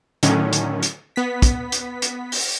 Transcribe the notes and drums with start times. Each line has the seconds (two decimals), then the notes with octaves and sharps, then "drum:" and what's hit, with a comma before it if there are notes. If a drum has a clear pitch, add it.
0.23 A2 D3 D#3 F#3 C#4, drum: hi-hat
0.53 drum: hi-hat
0.83 drum: hi-hat
1.16 B3 B6
1.42 drum: kick, hi-hat
1.72 drum: hi-hat
2.02 drum: hi-hat
2.32 drum: open hi-hat